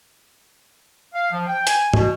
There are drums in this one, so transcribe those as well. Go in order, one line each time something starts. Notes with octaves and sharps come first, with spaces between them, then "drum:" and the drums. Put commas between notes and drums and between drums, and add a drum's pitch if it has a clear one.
F5
F3
G5
G#5, drum: hi-hat
B2, drum: tom